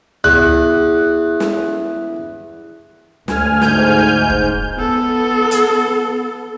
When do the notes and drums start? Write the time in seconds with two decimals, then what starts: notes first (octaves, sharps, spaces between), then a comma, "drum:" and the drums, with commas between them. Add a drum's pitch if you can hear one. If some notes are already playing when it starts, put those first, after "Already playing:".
0.24 E2 F#6, drum: tom C#2
1.40 drum: snare
3.28 D2 G#5 F6, drum: snare
3.62 G#2 G6, drum: snare
4.30 drum: kick
4.75 B3 A4
5.51 drum: hi-hat